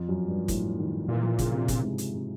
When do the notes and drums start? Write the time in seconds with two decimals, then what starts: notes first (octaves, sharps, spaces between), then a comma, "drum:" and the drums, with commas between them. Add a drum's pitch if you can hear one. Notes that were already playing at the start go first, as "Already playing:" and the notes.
Already playing: F2
0.09 F#2
0.28 G2
0.48 A2, drum: kick, hi-hat
0.78 D#3
1.08 A#2 E3
1.23 F3
1.39 C#3, drum: kick, hi-hat
1.53 C3
1.68 C3, drum: kick, hi-hat
1.83 G#2
1.98 drum: hi-hat
2.13 C3